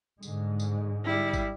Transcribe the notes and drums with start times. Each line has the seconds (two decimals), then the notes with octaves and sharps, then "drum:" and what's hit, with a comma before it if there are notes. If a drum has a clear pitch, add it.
0.23 G#2 D3 G#3, drum: tambourine
0.60 drum: tambourine
1.05 G3 E4
1.33 drum: kick G#1, tambourine